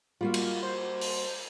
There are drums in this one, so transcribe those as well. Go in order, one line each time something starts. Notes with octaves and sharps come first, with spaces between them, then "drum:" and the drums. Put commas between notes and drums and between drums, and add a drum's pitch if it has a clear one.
G3 A#3 F4 F#4
drum: cymbal
C5
drum: open hi-hat